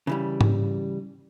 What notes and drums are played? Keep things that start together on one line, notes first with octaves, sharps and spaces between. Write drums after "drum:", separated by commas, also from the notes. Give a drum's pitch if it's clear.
C#3 E3 G3
drum: tom G#2